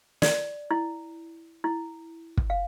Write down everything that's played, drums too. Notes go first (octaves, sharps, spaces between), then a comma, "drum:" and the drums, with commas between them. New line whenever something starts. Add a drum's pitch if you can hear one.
D5, drum: snare
E4
E4
drum: kick
F5